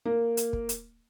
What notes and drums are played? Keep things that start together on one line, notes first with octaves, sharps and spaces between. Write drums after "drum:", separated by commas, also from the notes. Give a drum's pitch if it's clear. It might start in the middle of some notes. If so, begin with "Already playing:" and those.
A#3
drum: hi-hat
drum: kick
drum: hi-hat